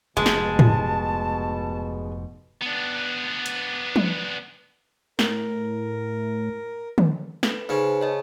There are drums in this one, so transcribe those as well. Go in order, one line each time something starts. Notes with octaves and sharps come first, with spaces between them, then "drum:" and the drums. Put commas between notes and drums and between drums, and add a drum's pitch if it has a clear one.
F1 G#2 B2 G#3 A5
drum: snare
drum: tom G#2
B3 D4
drum: hi-hat
drum: tom
A2 A#4, drum: snare
drum: tom
A4 B4 B5, drum: snare
C#3 C#4 D#4 B4 C5
C#5 D#5 A5